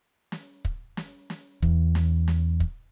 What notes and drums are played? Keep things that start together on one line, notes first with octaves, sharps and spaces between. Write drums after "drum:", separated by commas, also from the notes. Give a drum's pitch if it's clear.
drum: snare
drum: kick
drum: snare
drum: snare
E2, drum: kick
drum: snare
drum: snare
drum: kick